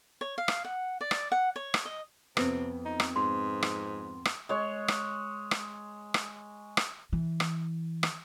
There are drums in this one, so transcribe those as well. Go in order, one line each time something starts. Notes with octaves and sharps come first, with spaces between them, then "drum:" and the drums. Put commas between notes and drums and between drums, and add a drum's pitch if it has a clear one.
C#5
F5
drum: rim click
F#5
D5
drum: rim click
F#5
C#5
drum: rim click
D#5
F2 C3 B3, drum: rim click
D#4
drum: rim click
G#2 C6
drum: rim click
drum: rim click
G#3 C#5
drum: rim click
drum: rim click
drum: rim click
drum: rim click
E3
drum: rim click
drum: rim click